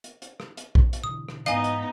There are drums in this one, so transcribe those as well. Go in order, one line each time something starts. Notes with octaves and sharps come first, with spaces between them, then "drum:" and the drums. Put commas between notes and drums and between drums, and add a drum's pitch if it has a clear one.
drum: hi-hat
drum: hi-hat
drum: rim click
drum: hi-hat
drum: kick A#1
drum: hi-hat
B2 D3 E3 D#6
drum: rim click
G#2 E3 B3 D#4 D#5 F5 G#5, drum: hi-hat
drum: hi-hat